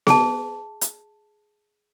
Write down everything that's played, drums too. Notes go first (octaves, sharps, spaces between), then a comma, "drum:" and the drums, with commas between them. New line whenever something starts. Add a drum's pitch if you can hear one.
G#4 A5, drum: snare B3
drum: hi-hat